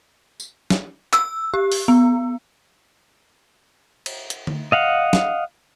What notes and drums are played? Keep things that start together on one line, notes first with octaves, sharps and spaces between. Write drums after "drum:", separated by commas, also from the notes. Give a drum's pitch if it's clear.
drum: tambourine
drum: snare
E6, drum: clap
G4
drum: open hi-hat
B3
drum: cymbal
drum: hi-hat
drum: tom D3
D#5 F5 F#5
drum: snare